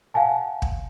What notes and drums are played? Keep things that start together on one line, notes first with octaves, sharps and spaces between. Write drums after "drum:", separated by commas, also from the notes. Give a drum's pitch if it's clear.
F5 F#5 G#5 A5
drum: kick